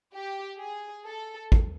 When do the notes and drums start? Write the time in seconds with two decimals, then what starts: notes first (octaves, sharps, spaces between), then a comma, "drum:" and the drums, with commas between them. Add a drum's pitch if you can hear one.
0.14 G4
0.60 G#4
1.06 A4
1.52 drum: kick